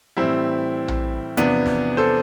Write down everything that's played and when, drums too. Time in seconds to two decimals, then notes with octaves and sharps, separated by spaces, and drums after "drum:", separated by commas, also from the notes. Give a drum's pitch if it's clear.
0.17 A2 E3 G3 C4 E4
0.88 drum: tom A#1
1.37 E2 C3 F3 B3 D4, drum: hi-hat
1.66 drum: snare
1.97 A4 C5